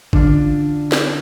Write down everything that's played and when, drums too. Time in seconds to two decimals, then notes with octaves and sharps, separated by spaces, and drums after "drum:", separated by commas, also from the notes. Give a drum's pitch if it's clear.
0.13 D3 D4 F4, drum: kick
0.92 drum: snare